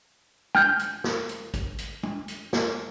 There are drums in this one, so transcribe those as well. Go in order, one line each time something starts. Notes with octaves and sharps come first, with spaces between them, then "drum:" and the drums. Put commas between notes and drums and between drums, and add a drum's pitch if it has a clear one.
G5 F6 G6, drum: tom
drum: hi-hat
drum: snare
drum: hi-hat
drum: kick, hi-hat
drum: hi-hat
drum: tom
drum: hi-hat
drum: snare